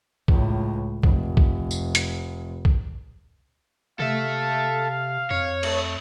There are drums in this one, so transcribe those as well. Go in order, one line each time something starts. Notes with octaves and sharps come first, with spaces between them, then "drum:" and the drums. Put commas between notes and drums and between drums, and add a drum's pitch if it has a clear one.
C#2 A2, drum: kick
F1, drum: kick
drum: kick
drum: tambourine
drum: hi-hat
drum: kick
C3 A4 E5 F5
F2 C#5
A3, drum: cymbal